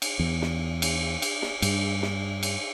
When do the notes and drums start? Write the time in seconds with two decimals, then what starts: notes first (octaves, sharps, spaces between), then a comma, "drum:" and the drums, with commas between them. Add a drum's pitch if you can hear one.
0.02 drum: cymbal
0.19 E2
0.42 drum: snare
0.82 drum: cymbal
1.22 drum: cymbal
1.42 drum: snare
1.62 G2, drum: cymbal
2.03 drum: snare
2.43 drum: cymbal